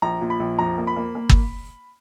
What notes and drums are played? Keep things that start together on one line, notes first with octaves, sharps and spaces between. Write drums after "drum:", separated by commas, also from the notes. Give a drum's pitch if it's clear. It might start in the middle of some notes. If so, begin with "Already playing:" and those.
A#1 A#5
A#2
B5
A#1
F2 A#5
A#3
B5
A#3
A#3
drum: kick